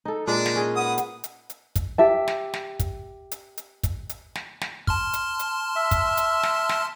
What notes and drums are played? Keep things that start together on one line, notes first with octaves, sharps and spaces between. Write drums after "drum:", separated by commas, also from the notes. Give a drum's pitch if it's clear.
D#4 A4
A#2 G#3 D4 D#4
drum: snare
C#4 G#4 D#5
B4 F#5 D#6
drum: hi-hat
drum: hi-hat
drum: hi-hat
drum: kick, hi-hat
G4 E5 A5
drum: snare
drum: snare
drum: kick, hi-hat
drum: hi-hat
drum: hi-hat
drum: kick, hi-hat
drum: hi-hat
drum: snare
drum: snare
A5 C6 F6, drum: kick
drum: hi-hat
drum: hi-hat
E5
drum: kick, hi-hat
drum: hi-hat
drum: snare
drum: snare